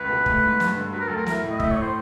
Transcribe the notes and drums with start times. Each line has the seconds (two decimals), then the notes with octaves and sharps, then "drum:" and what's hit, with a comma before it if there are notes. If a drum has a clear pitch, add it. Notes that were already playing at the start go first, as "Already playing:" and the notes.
Already playing: C#2 B4
0.09 B2
0.26 A3, drum: kick
0.43 G#2
0.60 G2, drum: snare
0.76 D3
0.93 F#3 B4
1.01 A#4
1.08 D2 A4
1.16 A#4
1.26 E4 A#4, drum: snare
1.43 A2
1.51 D#5
1.60 A3 E5, drum: kick
1.71 A2 C#5
1.82 C5